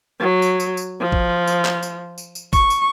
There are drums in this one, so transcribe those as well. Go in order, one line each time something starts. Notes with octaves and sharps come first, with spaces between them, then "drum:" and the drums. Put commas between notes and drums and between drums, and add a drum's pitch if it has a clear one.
F#3
drum: tambourine
drum: tambourine
drum: tambourine
F3
drum: kick
drum: tambourine
drum: clap
drum: tambourine
drum: tambourine
drum: tambourine
C#6, drum: kick, tambourine
drum: tambourine